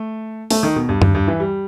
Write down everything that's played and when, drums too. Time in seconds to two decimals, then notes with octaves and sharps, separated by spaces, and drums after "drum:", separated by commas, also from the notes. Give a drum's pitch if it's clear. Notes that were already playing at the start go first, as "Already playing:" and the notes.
Already playing: A3
0.50 A3, drum: open hi-hat
0.63 D#3
0.76 B2
0.89 G2
1.02 G2, drum: tom F#2
1.15 G2
1.28 E3
1.40 G3